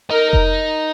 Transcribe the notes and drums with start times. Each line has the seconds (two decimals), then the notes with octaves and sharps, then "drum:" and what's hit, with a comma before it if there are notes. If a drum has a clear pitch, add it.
0.10 D#4 A#4
0.33 drum: kick F1